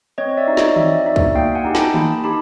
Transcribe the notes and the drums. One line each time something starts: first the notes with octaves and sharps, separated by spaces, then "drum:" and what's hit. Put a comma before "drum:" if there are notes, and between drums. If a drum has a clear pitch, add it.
C4 C#5 D#5
D5 E5
D#4 F#4
C#5 D#5, drum: snare
C4 D5 E5, drum: tom D#3
D#4 F#4 D5 E5
drum: kick C2
A#3 F5 G5
F#5 G#5
D#4 G4
G5 A5, drum: snare
A#3 A5 B5, drum: tom D#3
D#4 G4 A5 B5